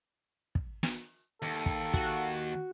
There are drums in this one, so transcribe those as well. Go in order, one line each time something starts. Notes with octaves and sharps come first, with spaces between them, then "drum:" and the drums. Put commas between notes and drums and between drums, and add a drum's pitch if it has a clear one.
drum: kick
drum: snare
D#2 A4
drum: kick
F#4, drum: kick